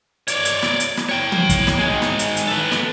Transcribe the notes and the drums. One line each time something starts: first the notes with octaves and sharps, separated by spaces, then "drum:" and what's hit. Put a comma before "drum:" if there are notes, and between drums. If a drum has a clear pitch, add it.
C#5 D5, drum: hi-hat
drum: hi-hat
drum: snare
drum: hi-hat
drum: snare
C#5 G5
drum: tom
drum: kick, hi-hat
drum: snare
D#3 G#3
drum: snare
drum: hi-hat
drum: hi-hat
A4 B4
drum: snare